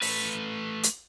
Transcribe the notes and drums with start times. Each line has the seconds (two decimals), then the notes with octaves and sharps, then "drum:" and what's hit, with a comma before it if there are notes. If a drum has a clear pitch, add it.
0.02 A3 B4, drum: open hi-hat
0.83 drum: hi-hat